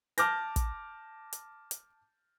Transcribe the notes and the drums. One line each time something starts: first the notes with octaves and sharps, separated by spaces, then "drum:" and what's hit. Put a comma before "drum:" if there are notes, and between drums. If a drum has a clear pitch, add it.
A5 D6 F6 G6 A#6, drum: hi-hat
drum: kick, hi-hat
drum: hi-hat
drum: hi-hat